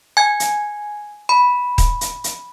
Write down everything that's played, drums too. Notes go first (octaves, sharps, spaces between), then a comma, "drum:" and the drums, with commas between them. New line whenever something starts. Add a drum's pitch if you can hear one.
G#5 G#6
drum: hi-hat
B5
drum: kick D#1, hi-hat
drum: hi-hat
drum: hi-hat